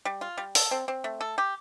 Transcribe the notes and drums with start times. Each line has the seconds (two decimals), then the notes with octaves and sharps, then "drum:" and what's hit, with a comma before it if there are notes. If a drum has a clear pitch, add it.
0.05 G3
0.21 F4
0.38 G3
0.55 A4, drum: open hi-hat
0.71 C4
0.88 C4
1.04 A3
1.21 A4
1.38 G4